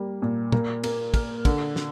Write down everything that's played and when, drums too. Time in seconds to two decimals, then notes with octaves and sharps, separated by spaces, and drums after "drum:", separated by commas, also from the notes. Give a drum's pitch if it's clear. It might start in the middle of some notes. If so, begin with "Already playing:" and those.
Already playing: G3 A#3
0.22 A#2
0.52 A#3, drum: tom
0.84 A#3, drum: cymbal
1.14 A#4, drum: kick, cymbal
1.45 D3, drum: kick, cymbal
1.76 drum: snare